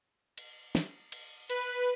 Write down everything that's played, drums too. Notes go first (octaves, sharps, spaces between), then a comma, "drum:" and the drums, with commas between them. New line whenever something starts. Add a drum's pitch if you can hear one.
drum: cymbal
drum: snare
drum: cymbal
B4, drum: cymbal